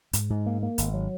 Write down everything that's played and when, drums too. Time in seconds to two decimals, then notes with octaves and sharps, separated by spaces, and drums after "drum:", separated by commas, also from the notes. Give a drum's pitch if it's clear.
0.13 G#2, drum: hi-hat
0.30 G#2
0.46 A#3
0.63 A#3
0.78 G#1, drum: hi-hat
0.93 F#3